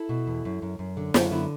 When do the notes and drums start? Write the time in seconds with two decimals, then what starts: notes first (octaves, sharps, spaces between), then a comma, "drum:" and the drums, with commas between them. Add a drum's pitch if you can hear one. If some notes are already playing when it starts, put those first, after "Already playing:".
Already playing: E4 A4
0.09 B2
0.27 E2
0.45 F#2
0.62 F#2
0.79 F#2
0.97 D3
1.14 F#2, drum: snare
1.31 D3 B3 E4